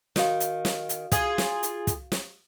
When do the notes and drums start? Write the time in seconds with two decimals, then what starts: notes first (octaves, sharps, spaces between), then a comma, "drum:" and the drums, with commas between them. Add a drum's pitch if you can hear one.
0.16 D#3 F#4 F5, drum: snare
0.40 drum: hi-hat
0.65 drum: snare
0.89 drum: hi-hat
1.12 F4 G#4, drum: kick, hi-hat
1.38 drum: snare
1.63 drum: hi-hat
1.87 drum: kick, hi-hat
2.12 drum: snare